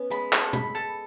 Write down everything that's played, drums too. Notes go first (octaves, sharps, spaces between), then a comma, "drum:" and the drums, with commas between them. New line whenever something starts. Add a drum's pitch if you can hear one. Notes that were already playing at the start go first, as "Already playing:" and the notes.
Already playing: B3 C#4
G#3 B5
A4, drum: clap
B5, drum: tom B2
A4